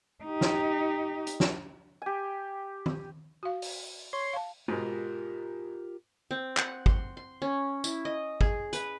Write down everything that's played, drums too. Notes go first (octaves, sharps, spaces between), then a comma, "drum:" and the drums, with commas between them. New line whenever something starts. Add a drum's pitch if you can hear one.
D#4 G4
drum: snare
drum: hi-hat
drum: snare
G4 G#5
drum: tom D#3
F#4 F5
drum: open hi-hat
C#5 C6
F5 A5
G#2 B2 G#3 F4 G4 A#4
C4
F#5, drum: clap
C6, drum: kick
C6
C#4
E4, drum: tambourine
D#5
G#4, drum: kick
B4, drum: hi-hat